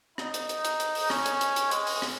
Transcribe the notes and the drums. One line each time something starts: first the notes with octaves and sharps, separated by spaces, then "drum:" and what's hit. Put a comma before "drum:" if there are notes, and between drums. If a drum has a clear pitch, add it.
D#4, drum: rim click
drum: hi-hat
drum: hi-hat
drum: hi-hat
drum: hi-hat
drum: open hi-hat
C#4, drum: rim click
drum: hi-hat
drum: hi-hat
drum: hi-hat
G#3, drum: hi-hat
drum: open hi-hat
drum: rim click